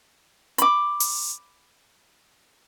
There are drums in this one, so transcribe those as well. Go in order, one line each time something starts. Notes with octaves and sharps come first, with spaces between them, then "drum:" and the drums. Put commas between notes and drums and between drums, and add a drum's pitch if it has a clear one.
B5 D6, drum: hi-hat
drum: open hi-hat